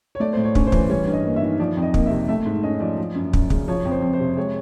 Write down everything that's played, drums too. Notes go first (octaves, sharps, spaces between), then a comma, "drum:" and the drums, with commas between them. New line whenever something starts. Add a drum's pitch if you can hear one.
C#5
A3 D5
A2 C5
C#5
C#4, drum: kick
C5
E3, drum: kick
G3 C#5
G2
D#5
A#3
E5
D#3
F3 D5
F2
D#5
A#3, drum: kick
C3 E5
A3 E5
G#2
C#4 D#5
F3 D5
F3
F#2
F#2, drum: kick
C#3, drum: kick
F3 C#5
F2
C5
F2
C5
C3
G#3 C#5